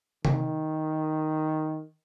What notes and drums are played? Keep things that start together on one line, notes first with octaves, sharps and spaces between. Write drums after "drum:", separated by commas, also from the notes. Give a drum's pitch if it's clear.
D#3, drum: tom C3